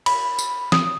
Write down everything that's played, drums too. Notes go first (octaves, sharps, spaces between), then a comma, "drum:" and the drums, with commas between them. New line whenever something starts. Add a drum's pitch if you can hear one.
B5, drum: cymbal
drum: tambourine
D#6, drum: snare